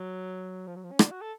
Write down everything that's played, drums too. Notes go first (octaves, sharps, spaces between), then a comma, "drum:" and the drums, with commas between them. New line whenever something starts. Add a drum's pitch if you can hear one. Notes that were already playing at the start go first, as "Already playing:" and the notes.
Already playing: F#3
F3
F#3
F3
C#4
D4, drum: rim click
F#4
A4